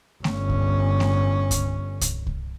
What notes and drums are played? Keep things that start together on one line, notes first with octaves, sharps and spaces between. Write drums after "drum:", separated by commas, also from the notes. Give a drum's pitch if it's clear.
G1 C#4, drum: snare A3
drum: kick C2
drum: snare A3
drum: kick C2, hi-hat
drum: kick C2, hi-hat
drum: kick C2